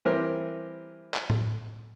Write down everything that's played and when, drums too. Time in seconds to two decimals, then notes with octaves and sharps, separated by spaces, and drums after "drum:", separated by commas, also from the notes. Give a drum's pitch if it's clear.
0.05 E3 G3 C4 G4 A#4 B4
1.14 drum: clap
1.30 drum: tom A2